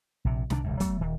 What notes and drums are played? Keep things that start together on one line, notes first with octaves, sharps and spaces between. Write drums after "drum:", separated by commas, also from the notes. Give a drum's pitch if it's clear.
A#1 C3
C2 C3 D#3 D4, drum: snare
E1 C#2 F#2
F#3 A3 B3, drum: kick, hi-hat
D#1 D#3